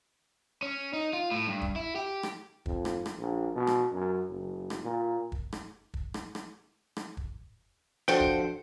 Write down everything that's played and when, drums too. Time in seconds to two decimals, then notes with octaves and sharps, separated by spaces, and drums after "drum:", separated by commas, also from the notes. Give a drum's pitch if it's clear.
0.62 C#4
0.93 D#4
1.13 F4
1.32 A2
1.47 G2
1.62 drum: kick
1.76 E4
1.96 G4
2.23 drum: rim click
2.66 F2, drum: kick
2.85 drum: rim click
3.06 drum: rim click
3.19 A#1
3.56 B2
3.67 drum: rim click
3.93 F#2
4.29 F#1
4.70 drum: rim click
4.84 A#2
5.32 drum: kick
5.53 drum: rim click
5.94 drum: kick
6.14 drum: rim click
6.35 drum: rim click
6.97 drum: rim click
7.17 drum: kick
8.08 F3 D4 F#4 A4 C5 F#5 G5
8.20 drum: kick